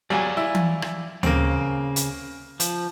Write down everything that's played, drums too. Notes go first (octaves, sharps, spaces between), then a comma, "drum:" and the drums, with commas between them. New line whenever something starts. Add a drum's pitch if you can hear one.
E2 F#3 G3 D5 F5 G#5
E4
drum: tom E3
drum: rim click
C#3 A#3 C4, drum: tom D2
drum: hi-hat
F3, drum: hi-hat